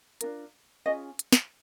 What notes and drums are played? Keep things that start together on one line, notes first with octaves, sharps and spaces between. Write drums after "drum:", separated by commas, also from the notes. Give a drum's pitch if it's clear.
D4 F4 A#4, drum: hi-hat
C#4 F4 G#4 D#5
drum: hi-hat
drum: snare